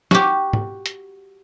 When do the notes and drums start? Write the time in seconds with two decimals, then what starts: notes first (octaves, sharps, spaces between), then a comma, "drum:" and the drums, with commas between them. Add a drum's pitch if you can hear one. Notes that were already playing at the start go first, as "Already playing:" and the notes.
0.11 F#4 G4, drum: snare
0.53 drum: tom
0.86 drum: hi-hat